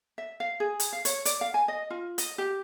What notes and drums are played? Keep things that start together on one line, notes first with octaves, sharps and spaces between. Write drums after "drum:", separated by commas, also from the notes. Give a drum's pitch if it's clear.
E5
F5
G#4
drum: hi-hat
F5
C#5, drum: hi-hat
D5, drum: hi-hat
F5
G#5
D#5
F4
D#5, drum: hi-hat
G4